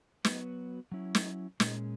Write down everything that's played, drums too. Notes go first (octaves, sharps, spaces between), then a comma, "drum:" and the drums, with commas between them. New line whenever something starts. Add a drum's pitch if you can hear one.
F#3 B3 F#4 B4, drum: snare
F#3 C#4 E4
drum: snare
A#2 G#3 C#4, drum: snare